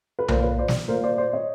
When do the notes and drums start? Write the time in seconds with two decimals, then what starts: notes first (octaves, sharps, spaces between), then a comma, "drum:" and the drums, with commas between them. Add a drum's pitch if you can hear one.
0.19 B4
0.28 A#2 A#4 C5, drum: tom B1
0.43 B4 C#5
0.58 C5 D5
0.68 drum: snare
0.88 A#2 A#4 C5
1.03 C5 D5
1.18 C5 D5
1.33 C#5 D#5